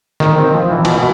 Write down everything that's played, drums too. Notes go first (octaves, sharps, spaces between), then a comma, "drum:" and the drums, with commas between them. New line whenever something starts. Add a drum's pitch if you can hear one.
D#3, drum: snare
C4
F3
E3
B2, drum: cymbal
B2